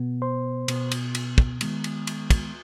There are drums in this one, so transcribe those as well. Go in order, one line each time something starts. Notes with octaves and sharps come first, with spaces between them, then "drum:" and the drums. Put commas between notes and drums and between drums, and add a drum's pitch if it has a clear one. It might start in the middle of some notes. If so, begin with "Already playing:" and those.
Already playing: B2 B3
C5 C6
B2 B3, drum: cymbal
drum: cymbal
drum: cymbal
drum: kick
D#3 G#3 B3, drum: cymbal
drum: cymbal
drum: cymbal
drum: kick, cymbal